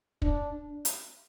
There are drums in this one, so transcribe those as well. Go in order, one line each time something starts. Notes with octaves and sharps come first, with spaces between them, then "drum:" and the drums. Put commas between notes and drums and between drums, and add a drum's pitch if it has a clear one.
D4, drum: kick
drum: hi-hat